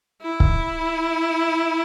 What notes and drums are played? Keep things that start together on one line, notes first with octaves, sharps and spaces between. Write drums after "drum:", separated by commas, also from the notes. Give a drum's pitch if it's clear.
E4
drum: kick C#1